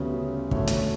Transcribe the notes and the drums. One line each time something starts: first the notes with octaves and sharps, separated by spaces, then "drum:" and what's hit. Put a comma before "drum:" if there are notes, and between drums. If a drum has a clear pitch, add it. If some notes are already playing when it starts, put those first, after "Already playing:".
Already playing: D2 C#3 G3 B3
E1 D2 D3 A3 C#5, drum: kick
drum: hi-hat